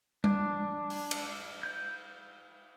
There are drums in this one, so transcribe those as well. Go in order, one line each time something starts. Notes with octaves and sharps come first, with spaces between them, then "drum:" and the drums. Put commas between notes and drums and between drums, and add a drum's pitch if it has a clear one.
D4, drum: tom G3
drum: open hi-hat
drum: cymbal
G6